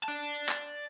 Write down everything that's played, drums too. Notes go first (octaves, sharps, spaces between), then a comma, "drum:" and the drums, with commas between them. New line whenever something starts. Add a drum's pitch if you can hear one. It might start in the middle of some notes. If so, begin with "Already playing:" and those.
D5 A5
drum: clap